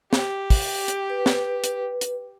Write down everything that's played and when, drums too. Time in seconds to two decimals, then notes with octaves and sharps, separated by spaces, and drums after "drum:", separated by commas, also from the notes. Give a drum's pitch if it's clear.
0.13 G4, drum: snare
0.50 drum: kick, open hi-hat
0.88 drum: hi-hat
1.10 B4
1.26 drum: snare
1.64 drum: hi-hat
2.01 drum: hi-hat